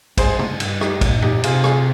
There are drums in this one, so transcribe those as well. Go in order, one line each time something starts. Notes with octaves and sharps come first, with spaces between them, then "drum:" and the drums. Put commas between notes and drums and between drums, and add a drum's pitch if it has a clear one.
G2 G#4 C5, drum: kick, cymbal
drum: tom
G2, drum: cymbal
D#4 G4, drum: rim click
A#2, drum: kick, cymbal
D#4 G4, drum: tom F#2
C3 F4 G#4, drum: cymbal
F4 G#4, drum: rim click